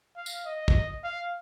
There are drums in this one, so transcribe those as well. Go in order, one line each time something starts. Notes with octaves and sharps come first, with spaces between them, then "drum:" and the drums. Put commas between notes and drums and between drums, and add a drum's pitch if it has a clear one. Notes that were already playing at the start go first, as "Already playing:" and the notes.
F5
drum: tambourine
D#5
drum: kick
F5